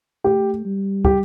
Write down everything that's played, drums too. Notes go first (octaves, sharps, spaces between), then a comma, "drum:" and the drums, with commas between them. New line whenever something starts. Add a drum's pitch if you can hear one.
A3 G4
G3
G4, drum: kick